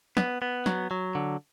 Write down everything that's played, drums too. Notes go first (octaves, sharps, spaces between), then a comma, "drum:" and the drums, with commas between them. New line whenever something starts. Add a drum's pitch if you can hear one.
B3, drum: snare
B3
F#3, drum: snare
F#3
D3